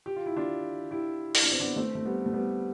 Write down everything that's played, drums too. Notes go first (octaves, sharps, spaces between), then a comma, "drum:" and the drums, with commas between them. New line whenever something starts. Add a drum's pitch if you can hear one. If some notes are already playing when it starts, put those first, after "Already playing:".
G4
F4
E4
D4 F4
E4 G4
E4, drum: open hi-hat
D4
C4
B3 D4
A3 C4
A3
G3 B3
A3
G3 B3